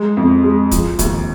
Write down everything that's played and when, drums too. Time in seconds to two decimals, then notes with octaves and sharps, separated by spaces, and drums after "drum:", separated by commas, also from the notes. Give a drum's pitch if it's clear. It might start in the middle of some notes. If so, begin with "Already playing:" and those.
Already playing: G#3
0.17 F2
0.44 G#3
0.71 F3, drum: kick, hi-hat
0.99 D#2, drum: kick, hi-hat